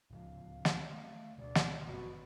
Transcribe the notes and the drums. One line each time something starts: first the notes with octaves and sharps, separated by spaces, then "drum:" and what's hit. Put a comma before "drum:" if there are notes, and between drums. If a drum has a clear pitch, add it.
D1 C#2 F3 F5
drum: snare
A3
D2 B2 D5
drum: snare
G1 F#2 B3 F#4